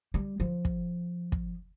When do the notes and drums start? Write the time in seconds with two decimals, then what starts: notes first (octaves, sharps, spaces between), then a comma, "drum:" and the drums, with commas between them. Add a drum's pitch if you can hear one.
0.14 G3
0.40 F3
0.65 drum: kick
1.32 drum: kick